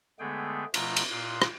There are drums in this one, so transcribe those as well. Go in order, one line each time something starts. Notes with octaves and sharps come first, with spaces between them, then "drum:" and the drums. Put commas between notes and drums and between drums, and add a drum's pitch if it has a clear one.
D3 G#3 A3 B3 G#4 G5
B2 F3 A3 F4 A#5 F#6, drum: cymbal
drum: cymbal
A#2 F4 C6 D#6 F#6
drum: rim click